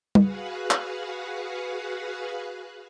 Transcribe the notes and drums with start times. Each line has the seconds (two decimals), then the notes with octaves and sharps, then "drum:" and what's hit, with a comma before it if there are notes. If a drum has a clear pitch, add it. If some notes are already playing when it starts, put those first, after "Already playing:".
0.15 F#4 G#4 B4 F5 F#5, drum: tom
0.71 drum: clap